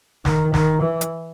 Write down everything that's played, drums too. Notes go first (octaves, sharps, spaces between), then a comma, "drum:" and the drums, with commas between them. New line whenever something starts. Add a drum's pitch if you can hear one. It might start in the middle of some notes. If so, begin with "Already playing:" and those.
D#3, drum: snare
D#3, drum: snare
E3
drum: hi-hat